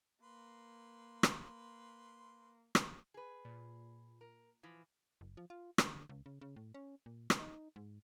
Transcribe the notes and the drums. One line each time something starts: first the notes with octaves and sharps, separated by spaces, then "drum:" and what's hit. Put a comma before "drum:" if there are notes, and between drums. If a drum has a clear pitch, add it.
A#3 B4 C6
drum: rim click
drum: rim click
G#4 B4
A#2
A#4
E3 F3
F#1
F3
F4
D3, drum: rim click
C#2
C#3
C#3
A2
C#4
A#2
drum: rim click
D#4
G#2